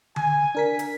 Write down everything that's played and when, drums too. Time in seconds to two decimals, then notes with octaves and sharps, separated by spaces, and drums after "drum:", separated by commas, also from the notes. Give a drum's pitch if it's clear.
0.16 G#5, drum: tom D3
0.55 D4 A#4 B6
0.79 drum: hi-hat